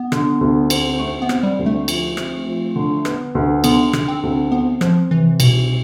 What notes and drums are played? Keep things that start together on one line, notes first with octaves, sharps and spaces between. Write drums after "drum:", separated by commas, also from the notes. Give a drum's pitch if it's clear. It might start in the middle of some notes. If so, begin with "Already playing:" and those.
Already playing: B3
D3, drum: rim click
D2
C4, drum: cymbal
A3 C4
B3
C4, drum: rim click
G3
D2
A3
F3, drum: cymbal
C4, drum: rim click
F3
D3
B3, drum: rim click
D2
D3 B3, drum: cymbal
D3, drum: rim click
C4
D2
B3 C4
F3 C4, drum: rim click
C3 E3
C2 B2, drum: cymbal